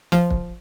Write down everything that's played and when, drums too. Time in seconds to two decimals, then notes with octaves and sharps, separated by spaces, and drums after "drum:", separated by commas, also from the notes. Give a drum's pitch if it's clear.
0.12 F3, drum: snare
0.31 drum: kick